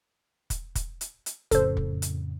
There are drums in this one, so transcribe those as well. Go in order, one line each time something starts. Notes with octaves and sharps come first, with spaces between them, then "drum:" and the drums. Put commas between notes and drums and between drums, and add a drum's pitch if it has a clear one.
drum: kick, hi-hat
drum: kick, hi-hat
drum: hi-hat
drum: hi-hat
F2 A2 C#3 A4 C5, drum: kick, hi-hat
drum: kick
drum: hi-hat